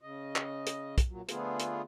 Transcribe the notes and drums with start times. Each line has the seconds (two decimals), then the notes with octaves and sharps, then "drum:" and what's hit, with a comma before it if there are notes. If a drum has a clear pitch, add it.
0.01 C#3 D#5
0.36 drum: clap
0.67 drum: hi-hat
0.98 drum: kick, hi-hat
1.08 A#2 F#3
1.29 D3 F3 A3 B3 F4 G#4, drum: hi-hat
1.60 drum: hi-hat